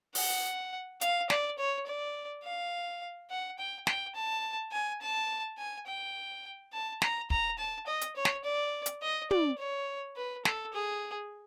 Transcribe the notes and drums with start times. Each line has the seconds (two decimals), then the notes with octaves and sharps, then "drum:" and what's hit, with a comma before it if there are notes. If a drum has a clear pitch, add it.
0.15 F#5, drum: open hi-hat
1.01 F5, drum: hi-hat
1.30 D5, drum: snare
1.58 C#5
1.87 D5
2.44 F5
3.30 F#5
3.59 G5
3.87 G5, drum: snare
4.15 A5
4.72 G#5
5.02 A5
5.58 G#5
5.87 G5
6.73 A5
7.02 A#5, drum: snare
7.30 A#5, drum: kick
7.58 A5
7.87 D#5
8.01 drum: hi-hat
8.16 C#5
8.25 drum: snare
8.44 D5
8.86 drum: hi-hat
9.02 D#5
9.31 D5, drum: tom
9.58 C#5
10.16 B4
10.45 A4, drum: snare
10.73 G#4